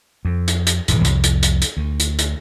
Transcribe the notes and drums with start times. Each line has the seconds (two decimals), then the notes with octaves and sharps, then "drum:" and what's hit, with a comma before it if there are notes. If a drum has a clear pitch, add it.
0.25 F2
0.48 drum: hi-hat
0.67 drum: hi-hat
0.88 D#1 G#2 E3, drum: hi-hat
1.05 C2 F2, drum: hi-hat
1.24 drum: hi-hat
1.43 drum: hi-hat
1.62 drum: hi-hat
1.77 D2
2.00 drum: hi-hat
2.19 drum: hi-hat